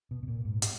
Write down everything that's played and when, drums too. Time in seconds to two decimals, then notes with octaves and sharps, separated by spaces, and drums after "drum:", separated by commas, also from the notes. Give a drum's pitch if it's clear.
0.11 B2
0.23 B2
0.28 A#2
0.45 G#2
0.62 drum: hi-hat